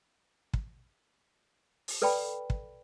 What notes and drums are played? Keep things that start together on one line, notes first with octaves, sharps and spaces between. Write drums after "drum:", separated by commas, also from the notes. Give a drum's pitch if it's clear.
drum: kick
drum: open hi-hat
A4 B4 D5 G5 A5 B5
drum: kick